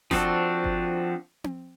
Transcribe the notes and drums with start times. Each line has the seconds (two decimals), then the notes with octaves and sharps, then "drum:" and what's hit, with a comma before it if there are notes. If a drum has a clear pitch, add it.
0.11 F3 C4 D4 F#4 A4, drum: snare F#1
0.64 drum: kick G1
1.44 drum: tom C4